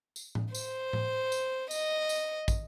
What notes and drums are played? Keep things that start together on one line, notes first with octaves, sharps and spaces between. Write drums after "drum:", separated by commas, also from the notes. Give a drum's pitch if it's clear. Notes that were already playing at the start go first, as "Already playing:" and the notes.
drum: tambourine
drum: tom A2
C5, drum: tambourine
drum: tom A2
drum: tambourine
D#5, drum: tambourine
drum: tambourine
drum: kick, tambourine